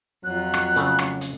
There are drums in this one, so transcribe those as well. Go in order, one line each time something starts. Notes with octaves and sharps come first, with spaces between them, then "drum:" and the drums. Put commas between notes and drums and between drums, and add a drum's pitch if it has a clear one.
F2 F#3 F4 F#6
drum: rim click
C#3 A3, drum: hi-hat
drum: rim click
drum: hi-hat